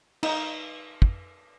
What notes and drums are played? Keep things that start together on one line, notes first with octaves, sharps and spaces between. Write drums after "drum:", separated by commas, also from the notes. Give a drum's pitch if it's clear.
D#4, drum: cymbal
drum: kick